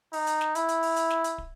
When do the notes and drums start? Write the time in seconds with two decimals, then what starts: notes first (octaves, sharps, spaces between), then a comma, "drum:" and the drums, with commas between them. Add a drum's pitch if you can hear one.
0.13 D#4, drum: open hi-hat
0.27 drum: hi-hat
0.41 drum: snare
0.55 E4, drum: hi-hat
0.69 drum: hi-hat
0.83 drum: open hi-hat
0.97 drum: hi-hat
1.10 drum: snare
1.24 drum: hi-hat
1.38 drum: kick